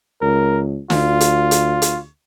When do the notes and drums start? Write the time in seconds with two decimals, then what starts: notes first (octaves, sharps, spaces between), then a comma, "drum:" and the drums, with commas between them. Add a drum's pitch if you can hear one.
0.21 C#2 A#4
0.90 D2 F4, drum: snare
1.21 drum: hi-hat
1.51 drum: hi-hat
1.82 drum: hi-hat